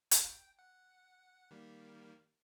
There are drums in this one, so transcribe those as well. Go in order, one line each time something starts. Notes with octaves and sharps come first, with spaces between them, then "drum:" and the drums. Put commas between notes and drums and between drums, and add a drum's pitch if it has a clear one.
G5, drum: hi-hat
F#5
D#3 G3 A#3